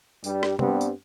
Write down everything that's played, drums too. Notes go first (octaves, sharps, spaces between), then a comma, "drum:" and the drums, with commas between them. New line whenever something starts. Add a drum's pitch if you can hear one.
G2 G3, drum: tambourine
drum: rim click
G2 G3 B3 C4, drum: tom
drum: tambourine